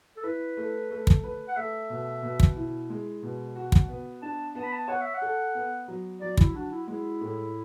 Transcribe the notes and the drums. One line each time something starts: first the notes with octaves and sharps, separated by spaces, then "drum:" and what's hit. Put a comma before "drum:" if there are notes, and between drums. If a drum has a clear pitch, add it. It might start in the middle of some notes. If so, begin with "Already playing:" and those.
A4
E4 B4
A3
A3
drum: kick
B4
F#5
A3 E5
B2
B2
drum: kick
E4
G#3
B2
F#4
drum: kick
B3
D4 A5
B3 A5
B5
A5
C#5 F#5
E5
F#5
A4
B3
F#3
F#3 D5
E4, drum: kick
D4 F#4
E4
G#3 E4
A2